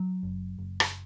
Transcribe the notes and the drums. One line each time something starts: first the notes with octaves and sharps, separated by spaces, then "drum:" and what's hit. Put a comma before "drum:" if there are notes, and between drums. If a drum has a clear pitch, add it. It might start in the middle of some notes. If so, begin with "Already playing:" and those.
Already playing: F#3
F#1
F#1
drum: rim click